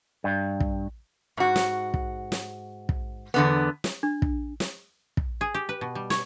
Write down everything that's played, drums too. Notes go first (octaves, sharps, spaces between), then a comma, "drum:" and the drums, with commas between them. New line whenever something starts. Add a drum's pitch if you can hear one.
G2
drum: kick
G#2 F#4
drum: snare
drum: kick
drum: snare
drum: kick
E2 D3 B3
drum: snare
D4
drum: kick
drum: snare
drum: kick
G#4
G4
B4
B2
G3
C#5, drum: snare